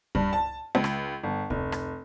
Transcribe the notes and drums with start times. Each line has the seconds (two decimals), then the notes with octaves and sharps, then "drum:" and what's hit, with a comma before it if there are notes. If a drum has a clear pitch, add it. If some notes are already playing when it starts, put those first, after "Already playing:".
0.15 G2, drum: kick C#2
0.33 A5
0.75 C#2
0.84 drum: rim click
1.23 G1
1.50 F1, drum: kick C#2
1.72 drum: rim click